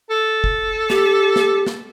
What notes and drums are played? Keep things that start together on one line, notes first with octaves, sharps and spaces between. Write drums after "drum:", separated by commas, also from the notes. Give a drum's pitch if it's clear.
A4
drum: kick
G4, drum: snare
drum: snare
drum: snare